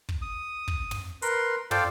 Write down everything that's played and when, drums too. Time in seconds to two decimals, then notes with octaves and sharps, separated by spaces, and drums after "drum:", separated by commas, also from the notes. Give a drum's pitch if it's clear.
0.09 drum: kick
0.22 D#6
0.68 drum: kick
0.91 drum: tom
1.22 A#4 B4 C6, drum: hi-hat
1.71 F4 A4 C5 D5 F5 G5, drum: tom